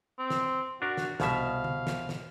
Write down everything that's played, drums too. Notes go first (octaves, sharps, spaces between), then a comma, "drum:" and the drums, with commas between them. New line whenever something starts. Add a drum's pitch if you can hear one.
C4
drum: snare
D4 F#4 A#4
drum: snare
C2 B2 E5 F5, drum: snare
drum: tom D3
drum: snare
drum: snare